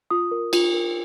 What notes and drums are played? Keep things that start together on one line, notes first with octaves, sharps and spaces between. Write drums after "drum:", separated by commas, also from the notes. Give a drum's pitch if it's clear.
F4 D#6
A#4
F4, drum: cymbal
A#4